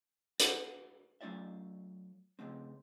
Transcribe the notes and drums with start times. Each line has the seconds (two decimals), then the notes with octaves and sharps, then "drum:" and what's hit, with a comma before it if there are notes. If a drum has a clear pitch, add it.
0.40 F#4 B4 F#5, drum: hi-hat
1.21 F#3 A3 C#4 F4 D5 E5
2.39 C#3 A3 C4